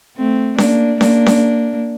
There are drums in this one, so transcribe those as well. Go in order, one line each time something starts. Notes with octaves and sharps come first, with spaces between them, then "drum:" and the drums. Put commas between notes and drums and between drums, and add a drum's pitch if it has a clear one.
A3 C4
A#3 D4, drum: snare C#4
A#3 D4, drum: snare C#4
drum: snare C#4